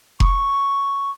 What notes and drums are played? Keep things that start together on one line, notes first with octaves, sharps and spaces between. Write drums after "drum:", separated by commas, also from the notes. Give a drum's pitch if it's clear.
C#6, drum: kick F1